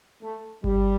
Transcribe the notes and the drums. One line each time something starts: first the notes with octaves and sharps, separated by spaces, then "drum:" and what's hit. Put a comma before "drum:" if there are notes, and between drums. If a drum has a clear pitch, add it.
A3
G3, drum: kick G1